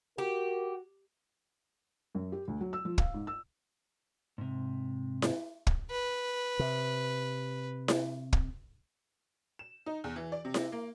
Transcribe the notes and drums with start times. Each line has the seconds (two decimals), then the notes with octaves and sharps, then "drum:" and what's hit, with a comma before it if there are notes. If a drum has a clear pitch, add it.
0.18 F#4 G4 A#4
2.15 F#2
2.32 G4
2.48 D2
2.61 F#3
2.73 E6
2.85 F3
2.98 F5, drum: kick
3.14 G#2
3.27 E6
4.38 G#2 C3
5.22 drum: snare E4
5.67 drum: kick
5.91 B4
6.59 C3
7.88 drum: snare E4
8.33 drum: kick
9.59 E7
9.86 D#4
10.04 E2
10.16 E3
10.32 D5
10.45 C3
10.54 drum: snare E4
10.72 A#3